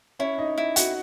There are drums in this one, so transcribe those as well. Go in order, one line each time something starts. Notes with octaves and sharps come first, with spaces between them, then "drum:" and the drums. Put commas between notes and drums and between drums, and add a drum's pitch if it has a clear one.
C#4 E4 C#5
D#4 D#5
E4
F#4 F#5, drum: hi-hat